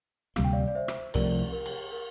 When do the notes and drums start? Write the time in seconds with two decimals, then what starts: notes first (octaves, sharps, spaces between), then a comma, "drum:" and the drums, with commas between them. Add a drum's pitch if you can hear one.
0.36 D2 C3 G3 A#3 F5, drum: rim click
0.44 G5
0.53 D5 F5
0.67 D5
0.75 C5 E5
0.88 drum: rim click
1.14 C2 C3 F3 A3 A#4 D5, drum: cymbal
1.52 A#4
1.66 drum: cymbal
1.92 A#4